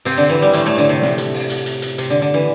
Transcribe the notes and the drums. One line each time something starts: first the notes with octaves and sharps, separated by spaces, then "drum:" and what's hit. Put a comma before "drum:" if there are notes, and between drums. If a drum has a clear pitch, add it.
C3 C4, drum: open hi-hat
D3
E3
G3
A2 A3, drum: hi-hat
A2 A3
D3
C3
drum: snare
drum: hi-hat
drum: open hi-hat
drum: hi-hat
drum: hi-hat
drum: hi-hat
C3, drum: hi-hat
D3
D3
E3